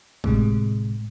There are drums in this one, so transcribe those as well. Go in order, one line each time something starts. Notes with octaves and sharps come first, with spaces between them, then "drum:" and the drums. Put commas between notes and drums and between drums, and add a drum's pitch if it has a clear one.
A2 C3 G#3, drum: kick